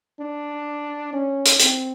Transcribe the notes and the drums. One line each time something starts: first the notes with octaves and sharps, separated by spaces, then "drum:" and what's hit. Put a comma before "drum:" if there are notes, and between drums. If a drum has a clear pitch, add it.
D4
C#4
drum: hi-hat
C4, drum: hi-hat